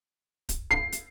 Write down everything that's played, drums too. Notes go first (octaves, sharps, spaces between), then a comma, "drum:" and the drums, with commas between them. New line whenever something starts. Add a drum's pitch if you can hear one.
drum: kick, hi-hat
C7, drum: kick
drum: hi-hat